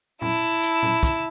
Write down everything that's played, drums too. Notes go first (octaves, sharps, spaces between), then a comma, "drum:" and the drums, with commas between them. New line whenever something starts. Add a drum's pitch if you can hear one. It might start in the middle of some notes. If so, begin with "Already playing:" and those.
E4 A5, drum: tom A#2
drum: hi-hat
drum: tom A#2
drum: kick, hi-hat